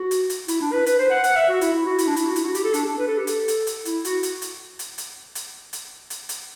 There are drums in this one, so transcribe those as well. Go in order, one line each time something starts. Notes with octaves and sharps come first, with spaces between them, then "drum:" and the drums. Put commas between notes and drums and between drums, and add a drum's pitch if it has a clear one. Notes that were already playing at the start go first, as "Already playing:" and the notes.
Already playing: F#4
drum: hi-hat
drum: hi-hat
E4, drum: hi-hat
D4
B4
B4, drum: hi-hat
C5
F#5
F#5, drum: hi-hat
E5
F#4
E4, drum: hi-hat
E4
F#4
E4, drum: hi-hat
D4
E4, drum: hi-hat
F#4
E4, drum: hi-hat
F#4
G4, drum: hi-hat
A4
D4, drum: hi-hat
D4
B4
A4
G4
A4, drum: hi-hat
drum: hi-hat
drum: hi-hat
E4, drum: hi-hat
F#4, drum: hi-hat
drum: hi-hat
drum: hi-hat
drum: hi-hat
drum: hi-hat
drum: hi-hat
drum: hi-hat
drum: hi-hat
drum: hi-hat